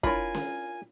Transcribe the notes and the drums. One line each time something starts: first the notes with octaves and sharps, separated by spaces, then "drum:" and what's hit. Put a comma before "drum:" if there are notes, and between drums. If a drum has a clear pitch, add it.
D4 E4 F4 A#4 C#5 G#5 B5, drum: kick
drum: snare C#4